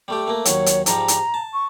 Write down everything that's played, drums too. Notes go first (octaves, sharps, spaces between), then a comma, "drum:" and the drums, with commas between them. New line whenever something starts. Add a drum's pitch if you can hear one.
G3 A3 G4
A3 A#3
D#2 F#3 C#5, drum: hi-hat
drum: hi-hat
G#2 F3 G3 A#5, drum: hi-hat
drum: hi-hat
A5
C#6